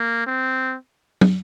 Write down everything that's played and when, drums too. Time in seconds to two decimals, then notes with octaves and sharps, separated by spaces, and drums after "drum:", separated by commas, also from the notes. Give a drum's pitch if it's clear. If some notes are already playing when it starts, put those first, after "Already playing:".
Already playing: A#3
0.27 C4
1.21 drum: tom